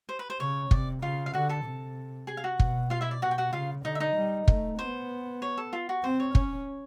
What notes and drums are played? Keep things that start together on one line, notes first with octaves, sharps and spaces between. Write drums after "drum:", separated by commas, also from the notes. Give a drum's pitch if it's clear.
C5
B4
C5
C#3 C#5
C3 D5, drum: kick
C#3 F4 F5
F5
D3 F#4 F#5
A4 A5
C3
G#4 G#5
F5
F#4 F#5
B2, drum: kick
F4 F5
E4 E5
D5
B2 F#4 F#5
G5
F#4 F#5
C#3 F4 F5
D3 D#4 D#5
E5
D#4 D#5
G3
A3, drum: kick
B3 C5
C#5
A4
F4
F#4
C4 C5
C#5
C#4, drum: kick